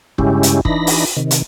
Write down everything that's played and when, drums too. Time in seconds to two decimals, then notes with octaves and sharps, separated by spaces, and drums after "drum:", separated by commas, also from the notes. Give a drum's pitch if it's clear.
0.18 G2 C#3 G#3 C#4 E4 G4, drum: kick
0.43 drum: hi-hat
0.65 E3 D4 D#4 B5 A#6, drum: kick
0.87 drum: open hi-hat
1.17 C3 D#3
1.31 drum: hi-hat